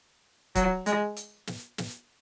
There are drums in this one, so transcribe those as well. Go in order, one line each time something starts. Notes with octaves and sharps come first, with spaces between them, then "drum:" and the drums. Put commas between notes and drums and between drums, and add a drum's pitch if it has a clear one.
F#3, drum: kick C#1, hi-hat
G#3, drum: hi-hat
drum: hi-hat
drum: snare
drum: snare